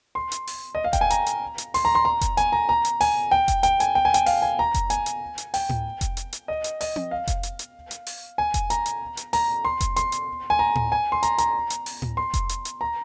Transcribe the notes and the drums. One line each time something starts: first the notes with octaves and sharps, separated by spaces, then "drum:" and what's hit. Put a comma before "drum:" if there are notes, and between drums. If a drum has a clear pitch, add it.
C6
drum: hi-hat
drum: open hi-hat
D#5
F5
G5, drum: kick F1, hi-hat
G#5
A#5, drum: hi-hat
drum: hi-hat
drum: hi-hat
C6, drum: open hi-hat
A#5
C6
A#5
drum: kick F1, hi-hat
G#5, drum: hi-hat
A#5
A#5
drum: hi-hat
G#5, drum: open hi-hat
G5
drum: kick F1, hi-hat
G5, drum: hi-hat
G#5, drum: hi-hat
G5
G#5
G5, drum: hi-hat
F5, drum: open hi-hat
G#5
A#5
drum: kick F1, hi-hat
G#5, drum: hi-hat
drum: hi-hat
drum: hi-hat
G5, drum: open hi-hat
drum: tom A2
drum: kick F1, hi-hat
drum: hi-hat
drum: hi-hat
D#5
drum: hi-hat
D#5, drum: open hi-hat
drum: tom C4
F5
drum: kick F1, hi-hat
drum: hi-hat
drum: hi-hat
drum: hi-hat
drum: open hi-hat
G#5
drum: kick F1, hi-hat
A#5, drum: hi-hat
drum: hi-hat
drum: hi-hat
A#5, drum: open hi-hat
C6
drum: kick F1, hi-hat
C6, drum: hi-hat
drum: hi-hat
G#5
A#5
drum: tom A2
G#5
C6
A#5, drum: hi-hat
A#5, drum: hi-hat
drum: hi-hat
drum: open hi-hat
drum: tom A2
C6
drum: kick F1, hi-hat
drum: hi-hat
drum: hi-hat
A#5